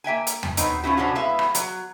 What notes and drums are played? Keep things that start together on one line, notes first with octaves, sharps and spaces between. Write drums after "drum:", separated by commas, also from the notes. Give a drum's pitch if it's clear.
A#3 E5 G5 G#5
drum: hi-hat
drum: tom D#2
F#3 B3 C4 D#4, drum: hi-hat
F3 C#4 E4 F#4
A2 C3 C#4 D4 F#4 C5
G#3 B3 E4 E5 F5
drum: rim click
F#3, drum: hi-hat